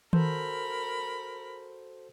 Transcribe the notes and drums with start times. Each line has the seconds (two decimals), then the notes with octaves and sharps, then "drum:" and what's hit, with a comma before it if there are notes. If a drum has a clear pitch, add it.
0.13 F#4 A4 A#4 C5 B5, drum: tom D#3